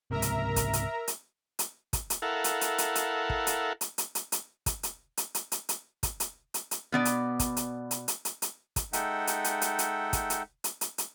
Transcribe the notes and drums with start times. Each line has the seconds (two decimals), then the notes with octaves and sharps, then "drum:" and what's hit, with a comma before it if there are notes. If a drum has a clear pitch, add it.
0.11 C#2 G#2 C3 A#4 E5 A#5
0.22 drum: hi-hat
0.56 drum: kick, hi-hat
0.73 drum: hi-hat
1.08 drum: hi-hat
1.59 drum: hi-hat
1.93 drum: kick, hi-hat
2.10 drum: hi-hat
2.22 E4 A4 A#4 F5 F#5
2.44 drum: hi-hat
2.61 drum: hi-hat
2.78 drum: hi-hat
2.95 drum: hi-hat
3.30 drum: kick
3.47 drum: hi-hat
3.81 drum: hi-hat
3.98 drum: hi-hat
4.15 drum: hi-hat
4.32 drum: hi-hat
4.66 drum: kick, hi-hat
4.83 drum: hi-hat
5.17 drum: hi-hat
5.35 drum: hi-hat
5.52 drum: hi-hat
5.69 drum: hi-hat
6.03 drum: kick, hi-hat
6.20 drum: hi-hat
6.54 drum: hi-hat
6.71 drum: hi-hat
6.92 B2 B3 D5
7.05 drum: hi-hat
7.39 drum: kick, hi-hat
7.57 drum: hi-hat
7.91 drum: hi-hat
8.08 drum: hi-hat
8.25 drum: hi-hat
8.42 drum: hi-hat
8.76 drum: kick, hi-hat
8.93 G#3 D#4 A4 E5 F#5 G5, drum: hi-hat
9.27 drum: hi-hat
9.44 drum: hi-hat
9.61 drum: hi-hat
9.79 drum: hi-hat
10.13 drum: kick, hi-hat
10.30 drum: hi-hat
10.64 drum: hi-hat
10.81 drum: hi-hat
10.98 drum: hi-hat